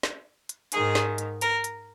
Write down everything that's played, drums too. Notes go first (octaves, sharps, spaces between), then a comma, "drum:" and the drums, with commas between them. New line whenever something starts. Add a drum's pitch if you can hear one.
drum: snare
drum: hi-hat
G#2 D#3 G#4, drum: hi-hat
drum: snare
drum: hi-hat
A#4, drum: hi-hat
drum: hi-hat